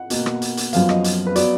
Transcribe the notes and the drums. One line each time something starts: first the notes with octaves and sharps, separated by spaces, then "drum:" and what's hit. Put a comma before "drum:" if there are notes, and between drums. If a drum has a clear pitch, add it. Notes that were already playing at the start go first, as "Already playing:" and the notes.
Already playing: F#5
B2 A#3, drum: hi-hat
drum: rim click
drum: hi-hat
drum: hi-hat
F#2 F3 B3 F5, drum: hi-hat
D#5, drum: rim click
drum: hi-hat
B4
F#3 B3 D5, drum: hi-hat